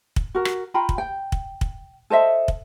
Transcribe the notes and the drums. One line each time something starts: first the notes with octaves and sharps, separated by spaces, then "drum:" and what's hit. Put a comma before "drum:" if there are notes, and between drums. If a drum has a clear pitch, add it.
drum: kick
F#4 A#4
drum: rim click
F4 G5 A#5 B5
drum: kick
G5
drum: kick
drum: kick
A4 C5 D#5 E5
drum: kick